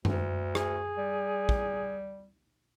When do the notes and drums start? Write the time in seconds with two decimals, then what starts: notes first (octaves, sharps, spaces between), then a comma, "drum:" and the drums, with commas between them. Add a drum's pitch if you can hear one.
0.05 D2, drum: tom F#2
0.55 G#4, drum: rim click
0.98 G3
1.49 drum: kick